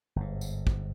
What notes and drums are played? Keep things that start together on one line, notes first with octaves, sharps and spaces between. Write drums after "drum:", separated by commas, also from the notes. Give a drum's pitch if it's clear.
G1 G#2
drum: tambourine
drum: kick